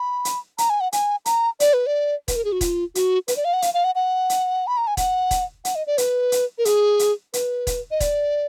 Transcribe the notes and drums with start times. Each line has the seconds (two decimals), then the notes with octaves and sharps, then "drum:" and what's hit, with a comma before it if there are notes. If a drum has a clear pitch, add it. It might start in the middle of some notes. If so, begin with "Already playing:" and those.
Already playing: B5
0.25 drum: hi-hat
0.58 A#5, drum: hi-hat
0.70 G#5
0.81 F#5
0.92 G#5, drum: hi-hat
1.25 A#5, drum: hi-hat
1.60 D5, drum: hi-hat
1.74 B4
1.87 D5
2.28 B4, drum: kick E1, hi-hat
2.36 A#4
2.45 G#4
2.52 F#4
2.61 F4, drum: kick E1, hi-hat
2.95 F#4, drum: hi-hat
3.28 B4, drum: hi-hat
3.37 D5
3.45 F5
3.53 F#5
3.62 F5, drum: hi-hat
3.74 F5
3.84 F#5
3.95 F#5
4.30 drum: hi-hat
4.67 B5
4.77 A#5
4.87 G#5
4.97 F#5, drum: kick E1, hi-hat
5.31 drum: kick E1, hi-hat
5.65 F#5, drum: hi-hat
5.75 D#5
5.87 D5
5.98 B4, drum: hi-hat
6.32 drum: hi-hat
6.58 A#4
6.65 G#4, drum: hi-hat
6.99 drum: hi-hat
7.33 B4, drum: hi-hat
7.67 drum: kick E1, hi-hat
7.91 D#5
8.00 D5, drum: kick E1, hi-hat